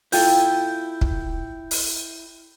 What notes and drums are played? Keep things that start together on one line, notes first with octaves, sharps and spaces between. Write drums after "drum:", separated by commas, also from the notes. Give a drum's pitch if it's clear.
E4 F4 A4 G5, drum: open hi-hat
drum: kick
drum: open hi-hat